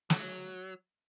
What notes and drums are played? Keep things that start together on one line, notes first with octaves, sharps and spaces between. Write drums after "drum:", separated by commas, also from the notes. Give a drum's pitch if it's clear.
F#3, drum: snare